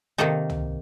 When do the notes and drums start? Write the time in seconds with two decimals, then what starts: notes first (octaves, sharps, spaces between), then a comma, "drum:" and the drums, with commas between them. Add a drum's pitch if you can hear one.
0.18 C3 D#3 A#3 D#4 A4
0.50 drum: tom